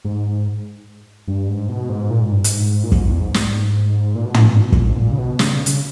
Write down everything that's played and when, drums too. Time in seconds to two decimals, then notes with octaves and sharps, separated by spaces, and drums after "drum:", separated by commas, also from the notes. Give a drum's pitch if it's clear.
0.05 G#2
1.28 G2
1.49 G#2
1.69 B2
1.89 G#2
2.10 A#2
2.21 G#2
2.32 G2
2.44 G#2, drum: hi-hat
2.83 A#2
2.92 G#2, drum: kick
3.06 E2
3.19 G#2
3.34 drum: snare
4.15 A#2
4.25 B2
4.34 A#2, drum: tom
4.44 B2
4.53 A#2
4.63 B2
4.72 A#2, drum: kick
4.87 G#2
4.98 A#2
5.12 C#3
5.18 B2
5.39 C#3, drum: snare
5.52 C#3
5.66 C#3, drum: hi-hat